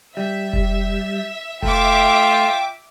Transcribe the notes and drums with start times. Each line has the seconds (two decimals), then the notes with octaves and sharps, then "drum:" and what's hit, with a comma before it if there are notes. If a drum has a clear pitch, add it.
0.17 G3 E5
0.53 drum: kick F1
1.62 A3 F4 E5 G5 D6, drum: kick F1